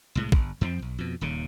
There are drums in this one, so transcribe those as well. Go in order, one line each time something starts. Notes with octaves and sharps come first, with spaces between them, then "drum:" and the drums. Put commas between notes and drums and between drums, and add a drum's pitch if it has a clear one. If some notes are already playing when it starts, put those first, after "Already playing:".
C2 A2 G#3
G1, drum: kick
F2 F3 G#3 C4
B1
F2 B2
D#1 D#2 C#3